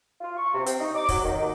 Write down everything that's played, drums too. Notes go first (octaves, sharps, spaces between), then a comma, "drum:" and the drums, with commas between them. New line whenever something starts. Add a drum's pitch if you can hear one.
F4
C#6
C3
C4, drum: hi-hat
D#4
D6
F#3, drum: kick, open hi-hat
D#3
D#2